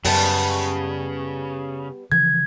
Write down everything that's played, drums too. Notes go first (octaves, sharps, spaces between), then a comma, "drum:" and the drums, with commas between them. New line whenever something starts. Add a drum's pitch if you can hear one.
F#2 C#3 G3 B3 A5, drum: open hi-hat
C#3 E3 F3 G#6